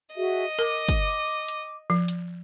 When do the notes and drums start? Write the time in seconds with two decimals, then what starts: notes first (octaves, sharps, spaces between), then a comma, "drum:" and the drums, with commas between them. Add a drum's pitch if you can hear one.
0.16 F#4 G#4 D#5 E5
0.59 A#4 D6
0.89 drum: kick, hi-hat
1.48 drum: hi-hat
1.90 F3
2.08 drum: hi-hat